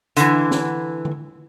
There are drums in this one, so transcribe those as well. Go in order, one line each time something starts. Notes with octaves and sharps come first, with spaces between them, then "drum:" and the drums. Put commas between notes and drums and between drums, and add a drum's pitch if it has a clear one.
D3 E3, drum: hi-hat
drum: snare
drum: tom D3